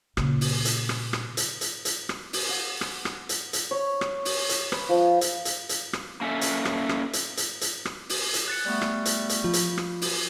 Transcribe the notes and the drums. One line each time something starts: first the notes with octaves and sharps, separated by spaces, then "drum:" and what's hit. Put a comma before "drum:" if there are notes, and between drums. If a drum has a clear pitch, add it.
A#2 C#3, drum: rim click
drum: open hi-hat
drum: hi-hat
drum: rim click
drum: rim click
drum: hi-hat
drum: hi-hat
drum: hi-hat
drum: rim click
drum: open hi-hat
F#5
drum: rim click
drum: rim click
drum: hi-hat
drum: hi-hat
C#5
drum: rim click
drum: open hi-hat
drum: hi-hat
B4, drum: rim click
F3
drum: hi-hat
drum: hi-hat
drum: hi-hat
drum: rim click
A#3 C#4 A4 E5
drum: hi-hat
drum: rim click
drum: rim click
drum: hi-hat
drum: hi-hat
drum: hi-hat
drum: rim click
drum: open hi-hat
drum: hi-hat
F#6 A6 C#7
G3 A3 B3
drum: rim click
drum: hi-hat
drum: hi-hat
F3 F4
drum: hi-hat
drum: rim click
drum: open hi-hat